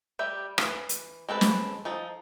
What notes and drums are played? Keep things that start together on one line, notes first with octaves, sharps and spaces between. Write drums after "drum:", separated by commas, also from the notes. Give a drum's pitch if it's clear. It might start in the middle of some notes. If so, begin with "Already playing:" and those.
G3 G4 E5
E3, drum: rim click
drum: hi-hat
G#3 C4 A4 B4
drum: snare
F3 D#4 A4